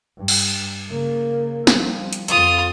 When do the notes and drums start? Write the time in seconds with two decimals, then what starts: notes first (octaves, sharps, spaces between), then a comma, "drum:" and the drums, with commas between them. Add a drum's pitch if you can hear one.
0.17 G2
0.28 drum: cymbal
0.89 C#3 A#3
1.67 F3 G3, drum: snare
2.13 drum: hi-hat
2.28 F2 F4 D#6, drum: hi-hat